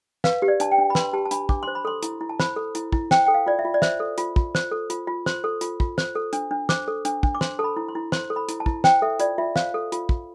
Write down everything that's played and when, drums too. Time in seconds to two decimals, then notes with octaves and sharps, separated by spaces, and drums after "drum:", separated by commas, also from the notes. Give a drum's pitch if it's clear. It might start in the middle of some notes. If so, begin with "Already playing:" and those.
0.24 B4 F5, drum: snare
0.42 G4
0.48 D5
0.60 D4 A5, drum: hi-hat
0.71 G5
0.78 D4
0.90 B5
0.95 B4 C6, drum: snare
1.13 G4 A5
1.25 A5
1.31 D4 B5, drum: hi-hat
1.49 D4 D6, drum: kick
1.63 C5 C6
1.75 B5
1.85 A4 C6
2.03 E4, drum: hi-hat
2.21 E4
2.29 A5
2.40 C5 B5, drum: snare
2.56 A4
2.75 E4, drum: hi-hat
2.92 E4, drum: kick
3.11 C5 G5, drum: snare
3.26 A4 G5
3.34 F5
3.46 F4 D5
3.59 E5
3.65 F4
3.74 D5
3.82 C5 E5, drum: snare
4.00 A4
4.18 F4, drum: hi-hat
4.36 F4, drum: kick
4.55 C5, drum: snare
4.71 A4
4.90 F4, drum: hi-hat
5.07 F4
5.26 C5 C6, drum: snare
5.44 A4
5.61 F4, drum: hi-hat
5.80 F4, drum: kick
5.98 C5, drum: snare
6.15 A4
6.33 D4, drum: hi-hat
6.51 D4
6.69 C5 D6, drum: snare
6.88 A4
7.05 D4, drum: hi-hat
7.23 D4, drum: kick
7.35 D6
7.41 C5 C6, drum: snare
7.59 A4 A5
7.64 B5
7.76 E4
7.88 C6
7.95 E4
8.12 C5 C6, drum: snare
8.30 A4
8.36 B5
8.49 E4, drum: hi-hat
8.60 A5
8.66 E4, drum: kick
8.84 C5 G5, drum: snare
9.02 A4 E5
9.19 F4 D5, drum: hi-hat
9.38 F4 E5
9.56 C5 F5, drum: snare
9.74 A4
9.92 F4, drum: hi-hat
10.09 F4, drum: kick